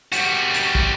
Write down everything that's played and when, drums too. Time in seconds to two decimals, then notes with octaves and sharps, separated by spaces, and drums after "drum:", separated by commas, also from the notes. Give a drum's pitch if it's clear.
0.12 G3 F#4, drum: hi-hat
0.54 drum: hi-hat
0.75 drum: kick